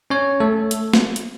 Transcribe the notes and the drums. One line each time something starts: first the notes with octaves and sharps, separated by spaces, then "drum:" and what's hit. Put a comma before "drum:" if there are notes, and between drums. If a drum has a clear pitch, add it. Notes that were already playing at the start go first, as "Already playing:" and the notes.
C#4 C#5
A3 A4
drum: hi-hat
drum: snare
drum: hi-hat